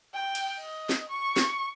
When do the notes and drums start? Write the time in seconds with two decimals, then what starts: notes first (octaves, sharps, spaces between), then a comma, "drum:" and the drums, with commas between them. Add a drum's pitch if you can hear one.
0.14 G5
0.35 drum: cymbal
0.59 D#5
0.89 drum: snare
1.09 C#6
1.36 drum: snare